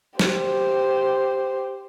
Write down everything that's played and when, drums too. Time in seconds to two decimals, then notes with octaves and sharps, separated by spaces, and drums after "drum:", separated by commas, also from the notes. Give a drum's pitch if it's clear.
0.19 G4 C5, drum: snare